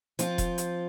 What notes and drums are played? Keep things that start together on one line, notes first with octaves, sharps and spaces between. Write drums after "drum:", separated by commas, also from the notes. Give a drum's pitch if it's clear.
F3 C4 F4, drum: hi-hat
drum: kick E1, hi-hat
drum: hi-hat